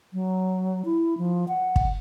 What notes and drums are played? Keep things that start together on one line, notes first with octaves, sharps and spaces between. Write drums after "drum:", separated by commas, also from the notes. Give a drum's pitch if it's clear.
F#3
E4
F3
F#5
drum: kick